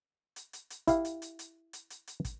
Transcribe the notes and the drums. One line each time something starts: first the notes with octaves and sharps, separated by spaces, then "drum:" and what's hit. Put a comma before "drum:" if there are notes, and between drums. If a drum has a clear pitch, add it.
drum: hi-hat
drum: hi-hat
drum: hi-hat
E4 G4 F5, drum: kick, hi-hat
drum: hi-hat
drum: hi-hat
drum: hi-hat
drum: hi-hat
drum: hi-hat
drum: hi-hat
drum: kick, hi-hat